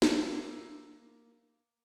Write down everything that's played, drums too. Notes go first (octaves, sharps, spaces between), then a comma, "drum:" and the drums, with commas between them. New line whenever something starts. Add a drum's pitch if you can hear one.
A#3 A#5 E6, drum: snare